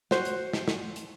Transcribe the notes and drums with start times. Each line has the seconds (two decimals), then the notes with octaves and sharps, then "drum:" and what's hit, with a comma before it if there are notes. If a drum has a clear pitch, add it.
0.11 F#4 C5, drum: snare
0.25 drum: hi-hat
0.53 drum: snare
0.68 drum: snare
0.96 drum: hi-hat